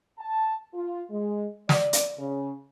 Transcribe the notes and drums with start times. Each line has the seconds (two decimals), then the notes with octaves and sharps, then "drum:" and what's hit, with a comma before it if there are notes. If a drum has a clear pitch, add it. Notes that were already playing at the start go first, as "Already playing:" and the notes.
0.19 A5
0.74 F4
1.10 G#3
1.69 D5, drum: snare
1.93 drum: hi-hat
2.18 C#3